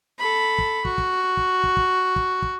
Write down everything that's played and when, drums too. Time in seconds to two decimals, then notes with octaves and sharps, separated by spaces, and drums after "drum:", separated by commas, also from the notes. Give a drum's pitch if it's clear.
0.19 A4 B5
0.58 drum: kick
0.85 F#4, drum: kick
0.98 drum: kick
1.37 drum: kick
1.64 drum: kick
1.77 drum: kick
2.16 drum: kick
2.42 drum: kick